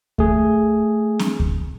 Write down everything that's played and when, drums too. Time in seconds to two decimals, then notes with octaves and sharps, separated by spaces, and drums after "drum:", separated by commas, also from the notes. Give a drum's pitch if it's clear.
0.18 A3 G#4, drum: kick D2
1.19 drum: snare C4
1.40 drum: kick D2